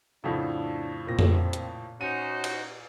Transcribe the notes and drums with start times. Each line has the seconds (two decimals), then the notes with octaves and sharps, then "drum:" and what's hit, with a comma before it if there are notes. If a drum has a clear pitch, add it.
0.24 F2 A2 C#3 D4 F#4 A4 B5
1.07 A#2 C4 A#6
1.19 drum: tom F2
1.53 drum: hi-hat
2.01 C#4 D#4 F#4 C5 D#7
2.44 drum: cymbal